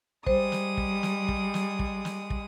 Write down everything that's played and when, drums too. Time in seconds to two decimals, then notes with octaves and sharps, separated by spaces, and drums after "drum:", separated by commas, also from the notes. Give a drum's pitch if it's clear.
0.26 G3 G#3 C5 D#6, drum: kick
0.52 drum: snare
0.77 drum: kick
1.03 drum: snare
1.28 drum: kick
1.54 drum: snare
1.79 drum: kick
2.05 drum: snare
2.30 drum: kick